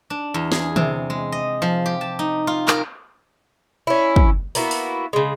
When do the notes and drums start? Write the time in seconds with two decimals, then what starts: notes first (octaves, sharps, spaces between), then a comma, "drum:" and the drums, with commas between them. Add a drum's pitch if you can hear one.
0.10 D4
0.34 E2
0.52 G#4, drum: snare
0.76 C3, drum: tom D3
1.10 G#3
1.32 D#5
1.62 F3
1.86 G4
2.01 A5
2.19 D#4
2.47 F4
2.68 A#4, drum: clap
3.87 C#4 E4
4.16 drum: kick
4.55 A#3 B3 E4 F#4, drum: open hi-hat
4.71 drum: open hi-hat
5.13 C#3 G#3